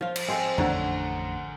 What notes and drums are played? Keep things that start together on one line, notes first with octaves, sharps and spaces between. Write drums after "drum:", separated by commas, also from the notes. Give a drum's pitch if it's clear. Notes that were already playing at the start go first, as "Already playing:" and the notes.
F3 F4
drum: cymbal
G#3 C4 A4 C5
A1 F2 D3 D4 C#5 F#5 A#5